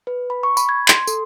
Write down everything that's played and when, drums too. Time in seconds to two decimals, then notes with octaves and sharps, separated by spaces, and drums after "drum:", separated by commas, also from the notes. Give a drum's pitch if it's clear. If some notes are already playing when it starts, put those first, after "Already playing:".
0.07 B4
0.30 B5
0.43 C#6
0.57 B5, drum: tambourine
0.69 G#6
0.88 C6, drum: clap
1.07 A4, drum: tambourine